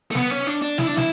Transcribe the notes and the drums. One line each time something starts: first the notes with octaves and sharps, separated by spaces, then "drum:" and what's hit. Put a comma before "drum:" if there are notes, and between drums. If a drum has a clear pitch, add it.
A3
B3, drum: snare
C#4
D4
D4
E4, drum: snare
D4
E4, drum: snare